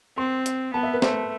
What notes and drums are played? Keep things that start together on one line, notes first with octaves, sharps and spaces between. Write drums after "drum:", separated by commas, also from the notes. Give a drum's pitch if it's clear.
C4 C6
drum: hi-hat
B3 A5
E5
B4
A3 C5, drum: snare C4